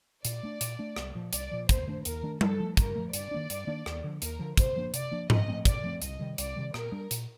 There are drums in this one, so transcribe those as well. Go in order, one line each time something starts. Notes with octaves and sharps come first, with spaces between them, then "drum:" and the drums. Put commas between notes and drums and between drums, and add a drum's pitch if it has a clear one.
A#2 D5, drum: hi-hat
A3 D4
A#2, drum: hi-hat
A3 D4
C2, drum: rim click
A#2 F3
C2 D5, drum: hi-hat
A#2 F3
D#2 C5, drum: kick, hi-hat
D#3 A3 D4
D#2 A#4, drum: hi-hat
D#3 A3 D4
G2 A4, drum: tom G3
F3 A3
G2 A#4, drum: kick, hi-hat
F3 A3
G2 D5, drum: hi-hat
D#3 A#3 D4
G2, drum: hi-hat
D#3 A#3 D4
D#2, drum: rim click
D3 F3
D#2 A#4, drum: hi-hat
D3 F3
C3 C5, drum: kick, hi-hat
F3 A#3 D4
C3 D5, drum: hi-hat
F3 A#3 D4
A#2 D#5, drum: tom G#2
F3 A3 C4
A#2 D5, drum: kick, hi-hat
F3 A3 C4
C2 D#5, drum: hi-hat
C3 D#3 G3
C2 D5, drum: hi-hat
C3 D#3 G3
A#2 A#4, drum: rim click
G3 D4
A#2, drum: hi-hat